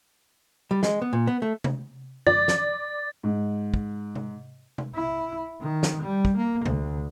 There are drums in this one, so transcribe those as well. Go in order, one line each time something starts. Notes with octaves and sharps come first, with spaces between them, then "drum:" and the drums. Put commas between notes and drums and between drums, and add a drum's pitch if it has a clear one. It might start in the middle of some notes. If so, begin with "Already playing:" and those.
G3
G#3, drum: snare
B3
A#2
B3
A3
drum: tom C3
D5 A6, drum: tom
drum: snare
G#2
drum: kick
drum: tom C3
drum: tom C3
E4
D#3
drum: snare
G3
drum: kick
A#3
D2, drum: tom C3